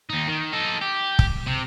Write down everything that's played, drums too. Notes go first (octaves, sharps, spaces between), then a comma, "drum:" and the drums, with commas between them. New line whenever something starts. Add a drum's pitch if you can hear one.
D#2 D#4
D#3
D#4 A4
G4
drum: kick
C3